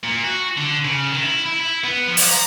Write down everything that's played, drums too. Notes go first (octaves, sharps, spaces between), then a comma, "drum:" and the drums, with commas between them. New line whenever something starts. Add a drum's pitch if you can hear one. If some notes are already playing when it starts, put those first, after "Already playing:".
A#2
F#4
D3
C#3
D#3
E4
E4
E4
B3
F3
drum: open hi-hat
A#5